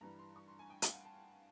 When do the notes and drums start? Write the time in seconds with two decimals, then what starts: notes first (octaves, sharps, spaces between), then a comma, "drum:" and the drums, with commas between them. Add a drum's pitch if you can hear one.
0.01 G2 E3 G3 A#5
0.19 C6
0.36 C#6
0.48 C6
0.59 G#5
0.70 G5
0.82 F5, drum: hi-hat
0.93 F#5
1.05 A5